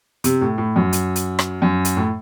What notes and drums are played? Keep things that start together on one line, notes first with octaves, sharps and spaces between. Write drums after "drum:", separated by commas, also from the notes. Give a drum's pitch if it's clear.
C3, drum: hi-hat
A2
A2
F#2
drum: hi-hat
drum: hi-hat
drum: rim click
F#2
drum: hi-hat
A2